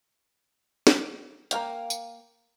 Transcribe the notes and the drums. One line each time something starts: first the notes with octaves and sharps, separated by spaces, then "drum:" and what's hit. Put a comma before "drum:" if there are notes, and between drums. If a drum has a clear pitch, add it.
drum: snare
A#3 A#4 F5 G5, drum: hi-hat
drum: tambourine